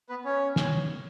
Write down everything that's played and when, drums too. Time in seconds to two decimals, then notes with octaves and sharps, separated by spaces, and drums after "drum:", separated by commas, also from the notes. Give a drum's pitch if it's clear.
0.09 B3 B4
0.25 C#4 C#5
0.56 drum: snare